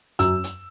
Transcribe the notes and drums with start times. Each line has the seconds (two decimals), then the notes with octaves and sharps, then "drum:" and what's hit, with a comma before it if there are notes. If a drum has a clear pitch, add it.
0.19 F#2 E6, drum: hi-hat
0.44 drum: hi-hat